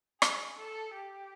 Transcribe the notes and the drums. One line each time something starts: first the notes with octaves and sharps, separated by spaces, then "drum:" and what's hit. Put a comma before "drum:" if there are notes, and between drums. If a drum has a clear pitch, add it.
G#4, drum: rim click
A4
G4